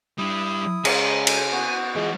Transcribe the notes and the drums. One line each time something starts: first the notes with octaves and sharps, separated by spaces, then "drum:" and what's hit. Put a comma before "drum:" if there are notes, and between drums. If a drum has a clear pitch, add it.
G3 D4 E4 D#6
C#3 G#3 G#5 A#5, drum: cymbal
drum: cymbal
B3 F#4
E3 G#3 F4